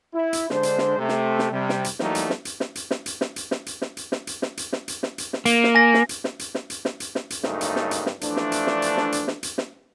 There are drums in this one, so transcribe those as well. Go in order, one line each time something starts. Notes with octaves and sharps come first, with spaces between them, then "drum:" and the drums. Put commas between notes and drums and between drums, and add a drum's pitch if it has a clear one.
E4
drum: hi-hat
D3 G#3 D4 C5, drum: snare
drum: hi-hat
drum: snare
C3 A3
drum: snare
drum: snare
C3 G3
drum: snare
drum: hi-hat
E3 F#3 G3 A3 A#3 D#4, drum: snare
drum: hi-hat
drum: snare
drum: hi-hat
drum: snare
drum: hi-hat
drum: snare
drum: hi-hat
drum: snare
drum: hi-hat
drum: snare
drum: hi-hat
drum: snare
drum: hi-hat
drum: snare
drum: hi-hat
drum: snare
drum: hi-hat
drum: snare
drum: hi-hat
drum: snare
drum: hi-hat
drum: snare
A#3, drum: hi-hat
drum: snare
G#5 A#6
drum: snare
drum: hi-hat
drum: snare
drum: hi-hat
drum: snare
drum: hi-hat
drum: snare
drum: hi-hat
drum: snare
drum: hi-hat
G2 C#3 F#3 A3 A#3 D#4, drum: snare
drum: hi-hat
drum: snare
drum: hi-hat
drum: snare
E3 F3 A3 D4, drum: hi-hat
drum: snare
drum: hi-hat
drum: snare
drum: hi-hat
drum: snare
drum: hi-hat
drum: snare
drum: hi-hat
drum: snare